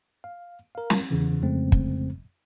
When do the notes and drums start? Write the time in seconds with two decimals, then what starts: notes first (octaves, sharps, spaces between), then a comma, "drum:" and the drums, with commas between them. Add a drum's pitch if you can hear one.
0.24 F5
0.75 A#4 F5
0.90 drum: snare
1.11 E2 C#3 E3
1.42 F2 C#3 G#3 A3 C4
1.72 drum: kick